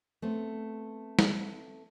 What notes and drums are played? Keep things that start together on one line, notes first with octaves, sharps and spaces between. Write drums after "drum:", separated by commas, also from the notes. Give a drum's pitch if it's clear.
A3 B3 C4
drum: snare